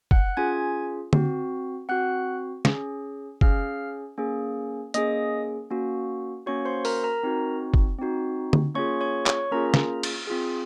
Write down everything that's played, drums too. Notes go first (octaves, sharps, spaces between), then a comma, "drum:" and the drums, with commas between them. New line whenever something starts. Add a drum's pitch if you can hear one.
F#5 F#6, drum: kick
C#4 F4 G#4 G#5 G#6
C4 F#4, drum: tom D3
C4 F#4 F#5 F#6
C#4 G#4, drum: snare
C#4 G#4 F5 F6, drum: kick
A#3 C#4 G#4
A#3 C#4 G#4 D#5 D#6, drum: hi-hat
A#3 C#4 F#4
A#3 C#4 F#4 C#5 C#6
C5 C6
A#4 A#5, drum: open hi-hat
A#4 A#5
C4 D#4 F#4
drum: kick
C4 D#4 F#4
drum: tom D3
A#3 C#4 F4 G#4 C#5 C#6
C#5 C#6
C#5 C#6, drum: clap
A#3 C#4 F4 G#4 A#4 A#5
drum: snare
drum: cymbal
C4 F4 G#4